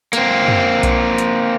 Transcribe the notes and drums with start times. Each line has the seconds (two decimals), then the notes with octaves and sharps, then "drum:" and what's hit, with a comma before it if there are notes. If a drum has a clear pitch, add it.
0.13 A#3 C4, drum: hi-hat
0.48 drum: tom
0.83 drum: kick B1, hi-hat
1.18 drum: hi-hat